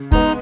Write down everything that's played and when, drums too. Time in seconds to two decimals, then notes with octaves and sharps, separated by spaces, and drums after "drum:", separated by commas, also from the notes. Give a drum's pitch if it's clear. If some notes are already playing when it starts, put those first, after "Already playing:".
Already playing: C#3
0.12 G#3 B3 D#4, drum: kick